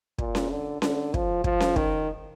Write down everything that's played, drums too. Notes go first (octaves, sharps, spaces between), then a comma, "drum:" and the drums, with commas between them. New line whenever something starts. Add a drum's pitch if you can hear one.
A#2, drum: kick
drum: snare C#4
D3
D3, drum: snare C#4
F3, drum: kick
F3, drum: kick
drum: snare C#4
D#3, drum: kick